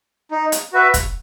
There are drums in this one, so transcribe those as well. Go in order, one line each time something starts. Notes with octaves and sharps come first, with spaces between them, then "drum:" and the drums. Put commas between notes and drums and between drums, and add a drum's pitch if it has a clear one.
D#4
drum: hi-hat
F#4 B4 E5
drum: kick, hi-hat